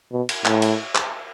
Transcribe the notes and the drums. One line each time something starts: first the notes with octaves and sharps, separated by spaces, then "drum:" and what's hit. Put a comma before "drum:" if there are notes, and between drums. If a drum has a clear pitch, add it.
B2
drum: cymbal
A2, drum: clap
drum: cymbal
drum: clap